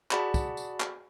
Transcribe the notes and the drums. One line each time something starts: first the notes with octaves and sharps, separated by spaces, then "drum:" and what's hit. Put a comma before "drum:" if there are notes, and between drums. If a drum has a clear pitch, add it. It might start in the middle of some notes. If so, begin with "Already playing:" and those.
F#4 G#4 D5 F#5 A5 B5, drum: clap
drum: kick, tambourine
drum: tambourine
drum: clap